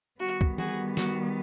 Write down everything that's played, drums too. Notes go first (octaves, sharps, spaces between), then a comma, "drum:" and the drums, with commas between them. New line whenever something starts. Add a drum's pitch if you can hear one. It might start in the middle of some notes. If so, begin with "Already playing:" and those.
D#3 G3 B3 F#4
drum: kick C2
F#4 G#4, drum: tom E3
F#4, drum: snare